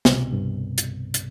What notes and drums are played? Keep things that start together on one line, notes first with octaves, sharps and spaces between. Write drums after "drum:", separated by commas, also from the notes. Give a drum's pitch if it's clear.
C2 C3, drum: snare
B2
G2
drum: hi-hat
drum: hi-hat